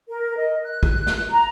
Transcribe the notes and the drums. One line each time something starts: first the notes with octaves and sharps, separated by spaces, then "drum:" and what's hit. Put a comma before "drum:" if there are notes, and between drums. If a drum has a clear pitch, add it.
A#4
D#5
F#6
drum: kick
drum: snare
A#5